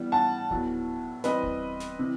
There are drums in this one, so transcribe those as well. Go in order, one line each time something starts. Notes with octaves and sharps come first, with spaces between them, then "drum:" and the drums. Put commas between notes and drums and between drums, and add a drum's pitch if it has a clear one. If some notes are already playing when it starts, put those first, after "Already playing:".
Already playing: E3 G3 B3
F#5 A5
A2 F#3 B3, drum: kick D1
E3 G3 C4 B4 D#5, drum: snare
drum: kick D1
drum: snare
C3 E3